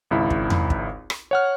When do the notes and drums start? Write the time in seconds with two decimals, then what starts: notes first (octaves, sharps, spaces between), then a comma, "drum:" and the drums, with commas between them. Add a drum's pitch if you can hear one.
0.11 G#1 C#2 E4 B5
0.30 drum: kick
0.50 drum: tom E2
0.70 drum: kick
1.10 drum: rim click
1.31 C#5 F#5 F6